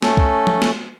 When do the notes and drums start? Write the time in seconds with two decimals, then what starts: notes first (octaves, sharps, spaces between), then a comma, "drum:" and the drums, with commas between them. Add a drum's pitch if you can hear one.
0.02 A3 C#4 A4, drum: snare
0.17 drum: kick
0.47 drum: tom F3
0.62 drum: snare